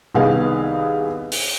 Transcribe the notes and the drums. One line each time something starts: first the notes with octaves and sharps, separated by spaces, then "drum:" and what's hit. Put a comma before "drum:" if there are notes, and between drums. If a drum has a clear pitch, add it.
C2 D#3 B3 G#4 F5
drum: open hi-hat